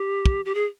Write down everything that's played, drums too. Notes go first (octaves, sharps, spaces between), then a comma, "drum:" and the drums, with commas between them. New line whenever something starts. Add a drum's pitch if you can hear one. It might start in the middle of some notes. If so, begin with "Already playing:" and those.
Already playing: G4
drum: kick
G4
G#4